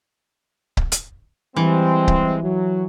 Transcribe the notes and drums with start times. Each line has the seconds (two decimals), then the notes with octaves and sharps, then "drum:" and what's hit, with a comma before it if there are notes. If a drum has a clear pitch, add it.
0.77 drum: kick C#1
0.92 drum: hi-hat
1.56 E3 G3 G#3 C4
2.08 drum: kick C#1
2.43 F#3